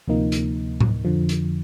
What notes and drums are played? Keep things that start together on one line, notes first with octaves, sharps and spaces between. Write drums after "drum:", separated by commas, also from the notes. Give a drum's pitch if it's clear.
D2 C3 F3 A#3 D#4
drum: hi-hat
drum: tom A2
F2 D3 F3
drum: hi-hat